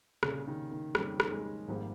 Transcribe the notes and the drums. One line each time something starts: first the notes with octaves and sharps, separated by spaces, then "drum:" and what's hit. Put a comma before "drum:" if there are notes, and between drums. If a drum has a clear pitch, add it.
C2 A#2 C#3 G3 C#4 G#4, drum: rim click
D#3
D#3
F2 D#3 G3 A#3 C#4 G4, drum: rim click
drum: rim click
G#3
G#1 G#2 F3 G3 A#3